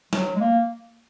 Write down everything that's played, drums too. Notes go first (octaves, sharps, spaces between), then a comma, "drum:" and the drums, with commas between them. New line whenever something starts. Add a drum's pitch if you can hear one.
F#3, drum: snare
G#3
A#3